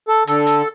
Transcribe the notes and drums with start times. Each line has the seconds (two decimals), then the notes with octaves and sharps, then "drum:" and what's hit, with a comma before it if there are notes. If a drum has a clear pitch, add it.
0.08 A4
0.27 D3 A4, drum: hi-hat
0.47 drum: hi-hat